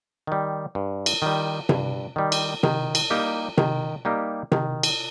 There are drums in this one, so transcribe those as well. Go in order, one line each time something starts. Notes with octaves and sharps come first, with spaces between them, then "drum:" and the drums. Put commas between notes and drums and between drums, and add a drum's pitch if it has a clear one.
D#3 G3
G2
drum: cymbal
D#3 G3
G2, drum: tom C3
D#3 G3
drum: cymbal
D#3, drum: tom C3
drum: cymbal
G3 A#3 D#4 G4
D#3, drum: tom C3
G3 A#3 D#4 G4
D#3, drum: tom C3
drum: cymbal